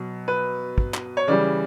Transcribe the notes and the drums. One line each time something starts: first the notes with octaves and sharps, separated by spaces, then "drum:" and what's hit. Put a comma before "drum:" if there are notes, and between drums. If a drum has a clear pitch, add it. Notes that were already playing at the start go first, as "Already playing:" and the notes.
Already playing: B2 F#3
B4
drum: kick
drum: clap
C#5
C#3 E3 G3 D5